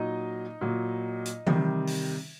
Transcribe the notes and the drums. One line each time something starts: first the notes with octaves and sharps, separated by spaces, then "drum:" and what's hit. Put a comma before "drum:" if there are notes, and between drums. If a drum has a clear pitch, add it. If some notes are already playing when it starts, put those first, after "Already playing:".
Already playing: A#2 F#3 D#4 D#5
A#2 F#3
drum: hi-hat
C3 D#3 G3, drum: tom E3
drum: open hi-hat